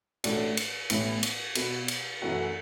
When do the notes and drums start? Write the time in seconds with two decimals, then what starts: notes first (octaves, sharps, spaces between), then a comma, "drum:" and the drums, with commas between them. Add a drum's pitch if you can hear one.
0.24 A1 A2 A3 D4 F#4, drum: cymbal
0.57 drum: cymbal
0.90 A1 A2 E3 B3, drum: cymbal
1.23 drum: cymbal
1.55 B2 B3 F#4 B4, drum: cymbal
1.88 drum: cymbal
2.21 F#2 E3 A3 F#4 A4